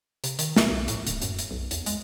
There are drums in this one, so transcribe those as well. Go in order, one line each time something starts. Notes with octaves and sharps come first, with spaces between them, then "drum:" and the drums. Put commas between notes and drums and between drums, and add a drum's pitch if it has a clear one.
C3, drum: hi-hat
D#3, drum: hi-hat
drum: snare
B1
A2, drum: hi-hat
D1, drum: hi-hat
F#2, drum: hi-hat
drum: hi-hat
B1
E2, drum: hi-hat
G#3, drum: hi-hat